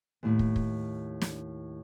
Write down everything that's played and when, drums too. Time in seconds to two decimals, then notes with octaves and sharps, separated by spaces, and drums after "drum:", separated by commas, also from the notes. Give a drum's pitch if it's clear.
0.23 D#2 A2
0.39 drum: kick
0.56 drum: kick
1.22 drum: snare